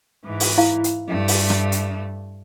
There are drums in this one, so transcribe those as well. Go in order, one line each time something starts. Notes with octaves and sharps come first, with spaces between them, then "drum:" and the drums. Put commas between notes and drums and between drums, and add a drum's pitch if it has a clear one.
G#2 E3
drum: open hi-hat
E4 F5
drum: hi-hat
G2 A3
drum: open hi-hat
drum: rim click
drum: hi-hat